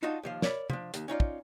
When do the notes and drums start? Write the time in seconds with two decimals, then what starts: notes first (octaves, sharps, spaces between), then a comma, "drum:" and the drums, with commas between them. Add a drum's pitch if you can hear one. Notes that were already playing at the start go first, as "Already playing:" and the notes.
0.03 D4 D#4 F4 F#4 D#5 A5
0.23 D#2 F3 F5
0.42 A#4 C#5 D5 E5 B5, drum: snare
0.70 F3 D4, drum: tom
0.94 D#2, drum: hi-hat
1.08 C#4 D#4 F4 D5
1.20 drum: kick